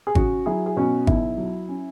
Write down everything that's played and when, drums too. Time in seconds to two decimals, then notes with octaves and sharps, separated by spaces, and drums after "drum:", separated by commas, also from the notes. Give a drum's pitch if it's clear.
0.07 G#4
0.15 C#4 F#4, drum: kick G#1
0.46 F#3 E4 G#4
0.66 G#4
0.76 B2 C#4 F#4
1.07 B1 E4, drum: kick G#1
1.38 F#3
1.69 C#4